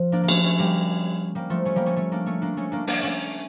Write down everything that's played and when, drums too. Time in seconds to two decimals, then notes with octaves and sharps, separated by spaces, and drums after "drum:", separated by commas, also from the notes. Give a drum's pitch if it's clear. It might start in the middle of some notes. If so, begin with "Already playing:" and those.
Already playing: F3
0.12 A#3 D4
0.23 A#3
0.28 A3 C#4, drum: cymbal
0.44 A3 C#4
0.58 G3 A#3
1.35 G3 A#3
1.50 F3 A3
1.65 A3 C#4
1.76 G3 A#3
1.86 A3 C#4
1.96 A3 C#4
2.12 A#3 D4
2.26 A3 C#4
2.42 A#3 D4
2.57 A3 C#4
2.72 A#3 D4
2.87 A#3 D4, drum: open hi-hat
3.02 A3 C#4